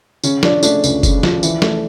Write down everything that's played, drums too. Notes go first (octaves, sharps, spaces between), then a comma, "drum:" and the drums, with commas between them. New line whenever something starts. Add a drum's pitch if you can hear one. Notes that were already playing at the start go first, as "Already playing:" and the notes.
C#3 C#4, drum: tambourine
F3 D4, drum: snare
A3 D4, drum: tambourine
C#2, drum: tambourine
C#3, drum: kick F#1, tambourine
F3, drum: snare
E3, drum: tambourine
A3, drum: snare